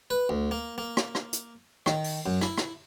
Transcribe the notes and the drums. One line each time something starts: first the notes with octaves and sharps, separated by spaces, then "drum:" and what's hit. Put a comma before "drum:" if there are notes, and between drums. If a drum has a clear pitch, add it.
B4
D2
A#3
A#3
drum: rim click
drum: rim click
drum: hi-hat
D#3, drum: rim click
drum: open hi-hat
F#2
E4, drum: rim click
drum: rim click